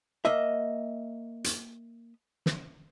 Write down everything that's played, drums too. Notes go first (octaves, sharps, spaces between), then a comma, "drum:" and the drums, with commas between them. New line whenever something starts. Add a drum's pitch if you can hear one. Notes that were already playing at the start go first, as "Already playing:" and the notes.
A#3 D#5 E5
drum: hi-hat
drum: snare